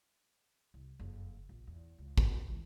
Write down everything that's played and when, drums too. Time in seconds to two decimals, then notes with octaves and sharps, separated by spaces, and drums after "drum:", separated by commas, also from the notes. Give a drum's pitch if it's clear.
0.74 C2
0.99 F#1 F2
1.49 A#1
1.67 E2
1.98 C#2
2.18 drum: kick
2.48 C#2 E3